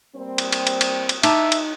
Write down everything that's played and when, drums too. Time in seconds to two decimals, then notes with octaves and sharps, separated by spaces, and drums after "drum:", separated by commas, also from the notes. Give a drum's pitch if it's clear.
0.16 G3 A#3 C4
0.38 drum: cymbal
0.52 drum: cymbal
0.67 drum: cymbal
0.81 drum: cymbal
1.09 drum: cymbal
1.23 D#4 E5 A5 A#5 D6, drum: cymbal
1.52 drum: cymbal